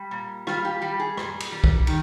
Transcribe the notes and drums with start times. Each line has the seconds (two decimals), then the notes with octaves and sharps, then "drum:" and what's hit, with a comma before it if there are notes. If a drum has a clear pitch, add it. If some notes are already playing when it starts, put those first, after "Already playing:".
Already playing: G3
0.11 A#2
0.47 G3 F4, drum: rim click
0.65 G4
0.82 G3 G4
1.00 G#4
1.17 A#2, drum: rim click
1.40 drum: cymbal
1.52 G3
1.64 drum: kick
1.87 D#3, drum: cymbal